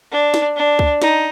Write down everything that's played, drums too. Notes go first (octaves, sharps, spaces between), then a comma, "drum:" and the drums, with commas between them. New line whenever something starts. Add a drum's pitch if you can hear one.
D4
drum: snare
D4
drum: kick C#2
D#4, drum: snare